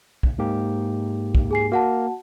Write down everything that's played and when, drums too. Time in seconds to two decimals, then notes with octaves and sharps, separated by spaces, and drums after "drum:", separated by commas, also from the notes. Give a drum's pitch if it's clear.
0.23 drum: kick
0.38 G#2 A#3 G4
1.35 drum: kick
1.51 G#4 G#5 C7
1.72 A#3 F#4 F#5 A5